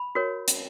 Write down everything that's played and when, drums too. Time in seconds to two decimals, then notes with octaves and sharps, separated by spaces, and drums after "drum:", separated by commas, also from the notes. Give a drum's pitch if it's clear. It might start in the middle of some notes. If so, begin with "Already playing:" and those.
Already playing: B5
0.15 F#4 A#4 C#5
0.48 drum: hi-hat